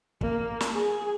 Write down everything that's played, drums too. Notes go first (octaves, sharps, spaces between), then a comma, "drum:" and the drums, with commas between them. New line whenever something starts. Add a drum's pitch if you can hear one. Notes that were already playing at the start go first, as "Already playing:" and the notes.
A#3, drum: kick
drum: snare
G#4